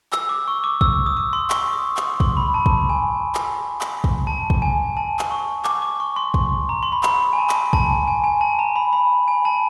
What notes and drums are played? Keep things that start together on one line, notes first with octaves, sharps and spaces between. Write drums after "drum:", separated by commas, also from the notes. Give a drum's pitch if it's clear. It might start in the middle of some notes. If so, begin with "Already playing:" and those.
E6, drum: clap
D6
C#6
D6
E6, drum: kick
D#6
D6
C6
C#6, drum: clap
D#6
D6, drum: clap
C6, drum: kick
B5
A5
drum: kick
G#5
drum: clap
drum: clap
drum: kick
A5
drum: kick
G#5
A5
drum: clap
C#6
D6, drum: clap
D6
C#6
C6
C6, drum: kick
A#5
C6
B5
A#5, drum: clap
G#5
A5
drum: clap
A5, drum: kick
G#5
G#5
G#5
A5
A#5
B5
B5
G#5
A5